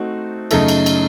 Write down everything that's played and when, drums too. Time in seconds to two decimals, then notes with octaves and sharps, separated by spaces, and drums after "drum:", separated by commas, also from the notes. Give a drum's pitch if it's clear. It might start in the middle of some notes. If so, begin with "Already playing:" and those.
Already playing: A3 C4 D#4 F#4
0.51 F#2 C#3 A3 D#4 A4, drum: cymbal
0.68 drum: cymbal
0.86 drum: cymbal